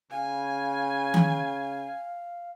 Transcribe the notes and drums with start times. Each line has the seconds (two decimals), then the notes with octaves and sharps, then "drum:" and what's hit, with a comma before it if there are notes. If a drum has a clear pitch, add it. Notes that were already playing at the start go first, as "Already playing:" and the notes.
0.11 C#3 F5 G#5
1.14 drum: tom D#3